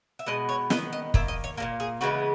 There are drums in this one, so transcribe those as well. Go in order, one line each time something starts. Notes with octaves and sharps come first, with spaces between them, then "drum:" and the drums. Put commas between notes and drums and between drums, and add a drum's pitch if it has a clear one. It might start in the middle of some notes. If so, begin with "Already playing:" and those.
E5
B2 G#3 B3 D#5
C#5
D#3 F#3 B3 D#5, drum: snare
D#5
D#3 A#3 E5, drum: kick
D#5
C#5
A#2 F#3 A#3 A#4
G#4
C#3 E3 G#3 B3 F#4